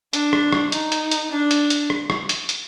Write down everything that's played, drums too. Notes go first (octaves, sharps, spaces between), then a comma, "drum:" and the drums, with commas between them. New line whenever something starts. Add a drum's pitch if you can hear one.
D4, drum: hi-hat
drum: rim click
drum: rim click
D#4, drum: hi-hat
drum: hi-hat
drum: hi-hat
D4
drum: hi-hat
drum: hi-hat
drum: rim click
drum: rim click
drum: hi-hat
drum: hi-hat